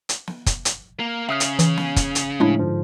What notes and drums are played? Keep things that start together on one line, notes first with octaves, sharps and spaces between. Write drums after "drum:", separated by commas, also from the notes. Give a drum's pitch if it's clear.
drum: hi-hat
drum: snare
drum: kick, hi-hat
drum: hi-hat
A#3
C#3 E5 D#6 F6
drum: hi-hat
E3, drum: hi-hat
drum: snare
drum: kick, hi-hat
drum: hi-hat
A2 F3 G#3 C#4 D4 E4
G#2 D3 F3